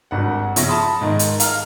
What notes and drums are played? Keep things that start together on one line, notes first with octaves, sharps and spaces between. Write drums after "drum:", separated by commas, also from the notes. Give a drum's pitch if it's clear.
G#1 G2 F#5
C#3 F3 E5 C#6 A#6, drum: hi-hat
A5 B5 C6 D#6
G#2 D#3
drum: hi-hat
F5 A#5 F6, drum: hi-hat